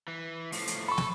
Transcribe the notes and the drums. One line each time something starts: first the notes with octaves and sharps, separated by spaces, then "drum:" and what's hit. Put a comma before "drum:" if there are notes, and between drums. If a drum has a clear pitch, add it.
E3
A2 F3, drum: open hi-hat
drum: hi-hat
A4 B5 C#6
drum: snare